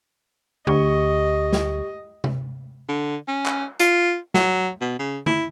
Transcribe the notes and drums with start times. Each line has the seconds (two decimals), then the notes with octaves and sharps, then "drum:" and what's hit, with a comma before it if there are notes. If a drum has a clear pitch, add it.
0.67 D2 G4 D#5 C#6
1.53 drum: snare
2.24 drum: tom C3
2.88 D3
3.28 C#4
3.46 drum: clap
3.80 F4, drum: hi-hat
4.34 F#3, drum: snare
4.81 B2
4.99 C#3
5.26 E4, drum: tom D3